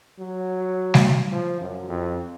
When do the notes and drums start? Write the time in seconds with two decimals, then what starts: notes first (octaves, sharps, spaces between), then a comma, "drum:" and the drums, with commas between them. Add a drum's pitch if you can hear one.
0.19 F#3
0.94 drum: snare G3
1.32 F3
1.61 F#2
1.89 F2